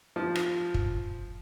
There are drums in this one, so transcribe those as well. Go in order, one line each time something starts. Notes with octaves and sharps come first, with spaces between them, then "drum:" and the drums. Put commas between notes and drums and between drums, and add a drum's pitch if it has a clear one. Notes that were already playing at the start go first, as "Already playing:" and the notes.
F3
drum: rim click
drum: kick